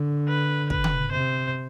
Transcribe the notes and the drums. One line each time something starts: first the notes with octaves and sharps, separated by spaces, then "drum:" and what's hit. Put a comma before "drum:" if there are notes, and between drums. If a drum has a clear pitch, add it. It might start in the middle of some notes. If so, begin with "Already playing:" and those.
Already playing: D3
B4
B4, drum: kick
drum: tom C#3
C3 C5